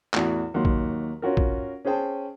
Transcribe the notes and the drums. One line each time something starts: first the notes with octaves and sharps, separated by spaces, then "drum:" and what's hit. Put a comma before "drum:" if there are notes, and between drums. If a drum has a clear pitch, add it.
A1 E2 F#4, drum: clap
D#2 F#3 F#4 C6
drum: kick A#1
C#4 F4 F#4 A#4
drum: kick A#1
C#4 G#4 C5 G5 A5